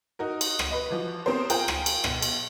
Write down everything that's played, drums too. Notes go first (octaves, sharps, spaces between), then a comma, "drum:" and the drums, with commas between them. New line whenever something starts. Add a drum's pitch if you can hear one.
D#4 F#4 A#4
drum: cymbal
drum: rim click
B4 D#5
E3 F3 F#4
B3 C4 G4 A#4 C5 C#5
F4 G#4 A#4 G5 A#5, drum: cymbal
drum: rim click
drum: cymbal
B1, drum: rim click
drum: cymbal